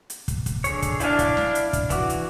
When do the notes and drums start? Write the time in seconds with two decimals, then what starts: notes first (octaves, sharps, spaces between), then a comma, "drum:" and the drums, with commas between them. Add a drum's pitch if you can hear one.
0.10 drum: hi-hat
0.28 drum: kick, hi-hat
0.46 drum: kick, hi-hat
0.64 D3 G#4 C#5, drum: hi-hat
0.82 drum: kick, hi-hat
1.00 D4 E4 F5, drum: hi-hat
1.19 drum: kick, hi-hat
1.37 drum: snare
1.55 drum: hi-hat
1.73 drum: kick, hi-hat
1.90 E3 F#4 D6, drum: kick, hi-hat
2.10 drum: hi-hat